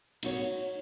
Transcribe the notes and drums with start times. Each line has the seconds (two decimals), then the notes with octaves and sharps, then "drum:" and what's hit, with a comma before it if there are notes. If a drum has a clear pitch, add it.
0.23 D#4 F#4 C#5, drum: cymbal